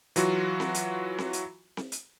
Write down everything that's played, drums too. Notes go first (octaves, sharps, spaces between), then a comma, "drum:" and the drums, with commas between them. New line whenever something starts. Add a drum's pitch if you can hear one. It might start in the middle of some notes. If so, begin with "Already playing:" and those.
E3 F#3 F4 F#4, drum: hi-hat
drum: snare C4
drum: hi-hat
drum: snare C4
drum: hi-hat
drum: snare C4
drum: hi-hat